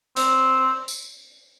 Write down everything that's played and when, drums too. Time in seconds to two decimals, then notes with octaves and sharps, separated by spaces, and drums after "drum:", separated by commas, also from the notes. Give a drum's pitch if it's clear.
0.16 C4, drum: hi-hat
0.88 drum: tambourine